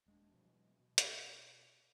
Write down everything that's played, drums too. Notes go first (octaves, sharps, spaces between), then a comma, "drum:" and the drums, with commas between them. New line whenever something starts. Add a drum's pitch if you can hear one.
D#1 G#3 B3 D4
G2 B2 F3
B2 E3 F#3 G#3
B2
drum: hi-hat